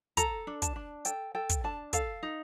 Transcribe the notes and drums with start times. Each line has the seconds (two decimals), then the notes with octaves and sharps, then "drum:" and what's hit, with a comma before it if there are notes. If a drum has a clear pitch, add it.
0.17 A4 A#5, drum: kick, hi-hat
0.47 D4
0.62 A5, drum: kick, hi-hat
0.76 D4
1.05 A4 G5, drum: hi-hat
1.35 A4 G5
1.50 drum: kick, hi-hat
1.64 D4 A5
1.93 A4 F5, drum: kick, hi-hat
2.23 D#4